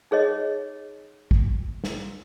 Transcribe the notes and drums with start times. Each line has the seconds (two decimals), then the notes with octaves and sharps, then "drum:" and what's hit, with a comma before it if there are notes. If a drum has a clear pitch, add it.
0.11 D#4 G#4 C#5 D#5
1.31 drum: kick A1
1.84 drum: snare